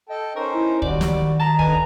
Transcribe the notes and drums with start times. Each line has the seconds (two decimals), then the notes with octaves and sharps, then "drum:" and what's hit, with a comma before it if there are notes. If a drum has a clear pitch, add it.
0.09 A4 D#5 G5 A5
0.36 C#4 D#4 A#4 C5 C#6
0.53 E4
0.82 D#3 G3 F#4 D5, drum: kick
1.01 drum: snare
1.40 A5 A#5
1.59 D3 B4 D#5 G#5, drum: kick